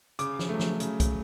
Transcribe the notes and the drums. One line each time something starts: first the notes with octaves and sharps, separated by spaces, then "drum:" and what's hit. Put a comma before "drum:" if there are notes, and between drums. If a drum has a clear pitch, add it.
C#3 D6, drum: hi-hat
drum: snare
F#3 A3
drum: snare
C#3, drum: hi-hat
drum: kick, hi-hat